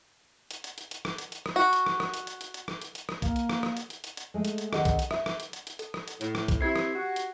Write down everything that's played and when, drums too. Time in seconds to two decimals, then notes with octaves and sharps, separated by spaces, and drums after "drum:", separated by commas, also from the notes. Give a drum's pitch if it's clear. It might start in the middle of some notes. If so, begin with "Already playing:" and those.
0.51 drum: hi-hat
0.64 drum: hi-hat
0.78 drum: hi-hat
0.91 drum: hi-hat
1.05 drum: rim click
1.18 drum: hi-hat
1.32 drum: hi-hat
1.46 drum: rim click
1.56 F#4
1.73 drum: hi-hat
1.86 drum: rim click
2.00 drum: rim click
2.14 drum: hi-hat
2.27 drum: hi-hat
2.41 drum: hi-hat
2.54 drum: hi-hat
2.68 drum: rim click
2.82 drum: hi-hat
2.95 drum: hi-hat
3.09 drum: rim click
3.22 A#3, drum: kick B1, hi-hat
3.36 drum: hi-hat
3.49 drum: rim click
3.63 drum: rim click
3.77 drum: hi-hat
3.90 drum: hi-hat
4.04 drum: hi-hat
4.17 drum: hi-hat
4.34 G#3 A3
4.45 drum: hi-hat
4.58 drum: hi-hat
4.73 D2 D#3 C4 G#4 D#5 F#5, drum: rim click
4.85 drum: kick B1, hi-hat
4.99 drum: hi-hat
5.11 E5, drum: rim click
5.26 drum: rim click
5.40 drum: hi-hat
5.53 drum: hi-hat
5.67 drum: hi-hat
5.79 A4, drum: hi-hat
5.94 drum: rim click
6.08 drum: hi-hat
6.21 A2, drum: hi-hat
6.35 drum: rim click
6.48 drum: kick B1, hi-hat
6.61 C4 E4 G4 G#6 C7
6.76 drum: rim click
6.95 F#4
7.16 drum: hi-hat